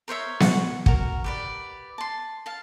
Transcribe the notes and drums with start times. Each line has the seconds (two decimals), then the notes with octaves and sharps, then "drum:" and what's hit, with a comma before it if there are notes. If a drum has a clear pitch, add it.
0.08 A#4 C5 C#5 E5
0.40 F#5 C#6, drum: snare B3
0.86 F#4 A#4, drum: kick
1.24 G4 B4 D5
1.98 A5 C6
2.46 F5 A5